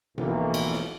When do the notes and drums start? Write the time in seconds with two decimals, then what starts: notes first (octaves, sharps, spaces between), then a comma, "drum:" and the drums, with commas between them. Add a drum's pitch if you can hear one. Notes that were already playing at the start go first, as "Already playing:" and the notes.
0.18 B1 F2 E3 A#3 F#4, drum: tom A2
0.54 drum: cymbal
0.72 drum: snare